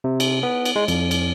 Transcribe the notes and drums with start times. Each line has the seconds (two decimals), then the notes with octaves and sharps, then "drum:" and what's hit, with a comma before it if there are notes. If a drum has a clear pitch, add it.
0.04 C3
0.20 drum: cymbal
0.43 B3
0.65 drum: cymbal
0.76 G#3
0.88 F2, drum: cymbal
1.11 drum: cymbal